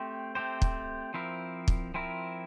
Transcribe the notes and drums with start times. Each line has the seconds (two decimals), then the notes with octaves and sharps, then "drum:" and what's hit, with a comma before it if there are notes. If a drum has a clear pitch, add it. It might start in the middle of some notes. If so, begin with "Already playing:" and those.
Already playing: A3 C4 G4 C5
0.35 A3 C4 G4 C5
0.62 drum: kick
1.14 F3 C4 E4 A#4
1.68 drum: kick
1.94 F3 C4 E4 A#4